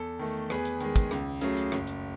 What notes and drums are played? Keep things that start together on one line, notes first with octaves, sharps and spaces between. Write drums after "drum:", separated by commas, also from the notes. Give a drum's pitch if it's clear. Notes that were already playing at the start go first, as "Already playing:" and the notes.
Already playing: E2 A4
D#3 A3
E2 G#4 B4, drum: rim click
drum: hi-hat
D#3 G#3, drum: hi-hat
drum: kick, hi-hat
C#2, drum: rim click
C#3 F#3 A3, drum: hi-hat
drum: hi-hat
F#1, drum: rim click
drum: hi-hat